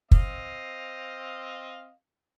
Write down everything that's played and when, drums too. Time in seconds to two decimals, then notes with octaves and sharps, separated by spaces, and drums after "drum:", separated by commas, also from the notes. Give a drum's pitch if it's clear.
0.11 C4 D#5 F5, drum: kick